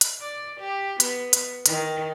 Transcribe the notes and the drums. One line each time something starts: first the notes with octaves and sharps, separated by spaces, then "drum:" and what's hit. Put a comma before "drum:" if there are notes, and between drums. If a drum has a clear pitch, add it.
drum: hi-hat
D5
G4
B3, drum: hi-hat
drum: hi-hat
D#3, drum: hi-hat